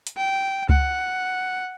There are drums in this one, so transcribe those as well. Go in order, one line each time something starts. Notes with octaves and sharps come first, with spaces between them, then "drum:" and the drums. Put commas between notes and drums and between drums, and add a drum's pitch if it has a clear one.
drum: hi-hat
G5
F#5, drum: kick C#2